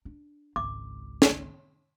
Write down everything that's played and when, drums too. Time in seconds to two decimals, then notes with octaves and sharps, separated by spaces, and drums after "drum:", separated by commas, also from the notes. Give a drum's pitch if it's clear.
0.05 D4
0.56 G#1 C#2 D6
1.22 drum: snare